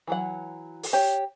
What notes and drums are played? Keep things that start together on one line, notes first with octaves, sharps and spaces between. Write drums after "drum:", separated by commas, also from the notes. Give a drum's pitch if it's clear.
E3 F#3 F#5
drum: open hi-hat
G4 C#5